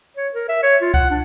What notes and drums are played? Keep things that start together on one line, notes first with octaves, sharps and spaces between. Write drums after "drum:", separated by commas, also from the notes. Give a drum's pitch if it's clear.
C#5
A#4
E5
C#5
F4
F#5, drum: kick C#2
D4